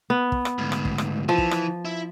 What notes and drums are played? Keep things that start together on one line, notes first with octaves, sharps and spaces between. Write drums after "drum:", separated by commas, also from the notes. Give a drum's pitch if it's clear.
B3
drum: kick
drum: rim click
D2 G#2
drum: rim click
drum: kick
drum: rim click
E3 F3
drum: kick
drum: rim click
E4